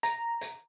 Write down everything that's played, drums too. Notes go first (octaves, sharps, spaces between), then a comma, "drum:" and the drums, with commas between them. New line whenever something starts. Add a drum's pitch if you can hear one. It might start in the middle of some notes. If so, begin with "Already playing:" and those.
A#5, drum: hi-hat
drum: hi-hat